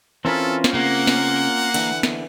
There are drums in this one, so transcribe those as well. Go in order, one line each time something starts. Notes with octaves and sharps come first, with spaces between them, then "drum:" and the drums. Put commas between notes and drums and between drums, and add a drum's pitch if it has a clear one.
E3 C4 C#4 F4 A4 A#4 B5
drum: snare
C#3 A#3 F#5
drum: snare
D3 E3, drum: cymbal
drum: snare